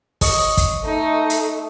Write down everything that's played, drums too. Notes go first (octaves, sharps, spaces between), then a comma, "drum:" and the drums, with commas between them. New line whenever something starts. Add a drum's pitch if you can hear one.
C#5 D#5, drum: kick, open hi-hat
drum: kick, hi-hat
A3 D#4
drum: hi-hat